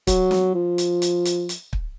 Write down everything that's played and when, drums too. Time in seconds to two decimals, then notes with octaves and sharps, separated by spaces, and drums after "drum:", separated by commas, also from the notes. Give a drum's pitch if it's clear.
0.07 F#3, drum: kick, hi-hat
0.31 drum: snare
0.55 F3
0.78 drum: hi-hat
1.02 drum: hi-hat
1.25 drum: hi-hat
1.49 drum: hi-hat
1.73 drum: kick